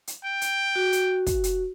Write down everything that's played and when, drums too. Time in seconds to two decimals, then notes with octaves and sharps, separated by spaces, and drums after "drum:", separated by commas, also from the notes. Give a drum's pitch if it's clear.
0.07 drum: hi-hat
0.25 G5
0.41 drum: hi-hat
0.76 F#4
0.93 drum: hi-hat
1.27 drum: kick, hi-hat
1.44 drum: hi-hat